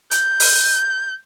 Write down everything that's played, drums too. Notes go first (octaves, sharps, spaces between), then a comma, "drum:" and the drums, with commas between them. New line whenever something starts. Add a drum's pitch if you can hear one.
G6, drum: hi-hat
drum: open hi-hat